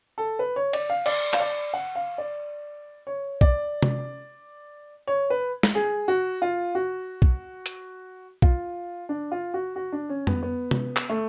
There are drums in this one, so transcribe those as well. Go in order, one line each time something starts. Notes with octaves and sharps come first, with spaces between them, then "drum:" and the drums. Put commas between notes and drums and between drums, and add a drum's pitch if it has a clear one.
A4
B4
C#5
D5, drum: cymbal
F5
D5, drum: cymbal
F5, drum: clap
D5
F#5
F5
D5
C#5
D5, drum: kick B1
drum: tom
C#5
B4
drum: snare
G#4
F#4
F4
F#4
drum: kick B1
drum: hi-hat
F4, drum: kick B1
D4
F4
F#4
F#4
D4
C#4
B3, drum: tom F2
B3
drum: tom
drum: clap
A3